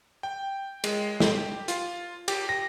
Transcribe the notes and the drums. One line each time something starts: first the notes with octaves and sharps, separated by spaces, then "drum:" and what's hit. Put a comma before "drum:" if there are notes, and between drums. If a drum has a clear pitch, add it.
G5
G#3, drum: cymbal
G4, drum: snare
F4, drum: hi-hat
G4, drum: cymbal
A#6